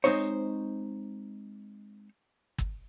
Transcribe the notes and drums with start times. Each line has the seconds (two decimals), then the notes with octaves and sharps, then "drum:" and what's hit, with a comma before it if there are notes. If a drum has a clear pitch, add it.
0.04 G#3 B3 C4 D#4 C5 C#5, drum: open hi-hat
2.58 drum: kick